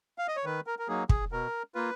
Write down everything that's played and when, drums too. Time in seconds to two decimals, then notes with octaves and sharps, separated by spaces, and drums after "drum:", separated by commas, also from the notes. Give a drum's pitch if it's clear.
0.18 F5
0.28 D#5
0.37 C#5
0.45 D#3 B4
0.67 A#4
0.79 A#4
0.88 F#3 A#3 D#4 G#4
1.09 G#4, drum: kick
1.32 B2 A#4
1.75 A#3 F4 B4